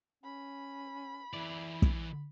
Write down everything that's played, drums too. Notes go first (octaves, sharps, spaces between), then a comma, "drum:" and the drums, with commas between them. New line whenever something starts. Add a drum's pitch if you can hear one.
C#4 B5
E3 E4 D5
drum: kick